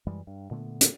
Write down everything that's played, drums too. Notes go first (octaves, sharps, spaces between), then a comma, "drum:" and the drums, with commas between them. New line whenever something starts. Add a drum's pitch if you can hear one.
F#2 E3 G3 G#3
G2
A#2 D3 A3 B3
drum: hi-hat